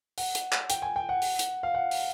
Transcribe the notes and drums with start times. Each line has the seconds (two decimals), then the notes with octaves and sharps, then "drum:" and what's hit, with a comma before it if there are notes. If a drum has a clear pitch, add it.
0.18 F#5, drum: open hi-hat
0.35 drum: hi-hat
0.52 drum: clap
0.70 G5, drum: hi-hat
0.82 G#5
0.96 G5
1.09 F#5
1.22 drum: open hi-hat
1.39 drum: hi-hat
1.63 F5
1.74 F#5
1.91 drum: open hi-hat